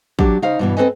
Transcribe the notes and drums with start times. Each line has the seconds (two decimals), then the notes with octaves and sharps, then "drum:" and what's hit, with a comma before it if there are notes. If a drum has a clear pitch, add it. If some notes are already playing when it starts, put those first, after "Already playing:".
0.19 F#3 D4 G4, drum: kick
0.42 C#3 D#4 C5 F5
0.59 G2 B2 E3
0.77 C4 D#4 A4 B4 D#5 G#5